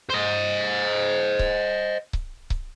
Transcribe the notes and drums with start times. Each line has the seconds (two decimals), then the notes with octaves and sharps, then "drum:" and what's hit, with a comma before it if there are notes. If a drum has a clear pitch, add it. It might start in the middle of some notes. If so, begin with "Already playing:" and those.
0.10 C5 D#5
1.39 drum: kick C#1
2.13 drum: kick C#1
2.50 drum: kick C#1